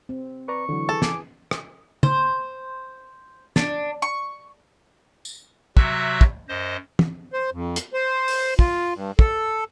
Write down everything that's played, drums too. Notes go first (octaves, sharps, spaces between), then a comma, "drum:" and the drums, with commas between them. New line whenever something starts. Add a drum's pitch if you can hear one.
C4
B4 D5 A#5 C#6
D3 E3 F#3
G#4 A4
G#5 D6, drum: snare
drum: rim click
C5, drum: tom
D4, drum: snare
C#6
drum: tambourine
C3 F#3 F#4 E5 E6 F#6, drum: kick
drum: kick
F#2 C5 D#5
drum: tom
C5
F2
drum: hi-hat
C5
drum: open hi-hat
F4, drum: kick
G2
A4, drum: kick